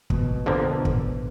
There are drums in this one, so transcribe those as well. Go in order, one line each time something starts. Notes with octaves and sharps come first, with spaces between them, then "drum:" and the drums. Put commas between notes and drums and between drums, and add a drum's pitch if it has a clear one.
B2, drum: kick
B2
F2 D3 F3 A#3
drum: kick